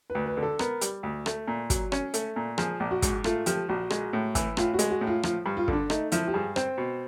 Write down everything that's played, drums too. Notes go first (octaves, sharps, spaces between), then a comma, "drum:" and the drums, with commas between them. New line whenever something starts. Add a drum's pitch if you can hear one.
B4
D2
B4
D3
A4
B3 A#4, drum: rim click
G3, drum: hi-hat
D2
A3, drum: rim click
A#2
F#3, drum: kick, hi-hat
C#4, drum: rim click
A3, drum: hi-hat
A#2
F3 G#4, drum: rim click
A#1
F#4
G#2, drum: kick, hi-hat
A3 F4, drum: rim click
F3 G4, drum: hi-hat
A#1 F#4
G#3, drum: rim click
A2
E3, drum: kick, hi-hat
A2 F4, drum: rim click
F#4
G#3, drum: hi-hat
F#4
A2
F4
F3 F4, drum: rim click
G2
F4
D3, drum: kick
D4
A3 D#4, drum: rim click
F3 E4, drum: hi-hat
G4
G2 G#4
C4 C5, drum: rim click
B2